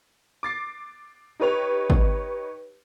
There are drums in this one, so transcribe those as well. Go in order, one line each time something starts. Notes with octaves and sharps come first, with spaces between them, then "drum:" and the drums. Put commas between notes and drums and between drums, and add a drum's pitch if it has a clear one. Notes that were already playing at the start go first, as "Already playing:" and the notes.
D6 A6 C7
D#4 G4 B4 C#5 F7
drum: kick